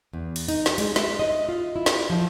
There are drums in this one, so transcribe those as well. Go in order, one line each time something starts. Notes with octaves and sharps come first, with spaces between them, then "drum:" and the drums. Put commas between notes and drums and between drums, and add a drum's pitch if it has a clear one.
E2
drum: cymbal
D#4, drum: cymbal
drum: snare
G#3, drum: cymbal
E5, drum: snare
D#5
F4
E4
drum: snare
F3